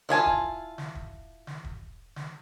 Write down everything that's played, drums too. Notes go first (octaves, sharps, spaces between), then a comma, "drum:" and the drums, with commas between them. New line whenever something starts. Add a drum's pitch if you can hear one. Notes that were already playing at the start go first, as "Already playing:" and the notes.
E4 F4 G#5 A5, drum: snare
drum: kick
drum: snare
drum: kick
drum: snare
drum: kick
drum: snare